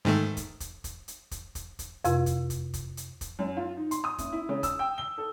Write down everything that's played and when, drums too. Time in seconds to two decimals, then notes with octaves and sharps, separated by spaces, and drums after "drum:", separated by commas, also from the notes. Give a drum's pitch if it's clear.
0.05 G#2 D#3 A3
0.37 drum: kick, hi-hat
0.60 drum: kick, hi-hat
0.84 drum: kick, hi-hat
1.08 drum: hi-hat
1.31 drum: kick, hi-hat
1.55 drum: kick, hi-hat
1.79 drum: kick, hi-hat
2.04 F2 C3 F4, drum: hi-hat
2.26 drum: kick, hi-hat
2.50 drum: kick, hi-hat
2.74 drum: kick, hi-hat
2.97 drum: hi-hat
3.21 drum: kick, hi-hat
3.39 F#2
3.57 F4
3.77 D#4
3.91 C6, drum: hi-hat
4.04 D#6
4.18 F#1, drum: kick, hi-hat
4.32 E4
4.49 C#3
4.63 E6, drum: kick, hi-hat
4.79 G5
4.98 G7
5.18 A4